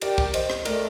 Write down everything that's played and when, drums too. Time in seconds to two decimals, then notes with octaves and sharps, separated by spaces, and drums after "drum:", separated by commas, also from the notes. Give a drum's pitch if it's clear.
0.01 G4 A#4 D5, drum: cymbal
0.18 drum: kick
0.34 C5 D#5, drum: cymbal
0.50 drum: rim click
0.65 A3 A#4 D5, drum: cymbal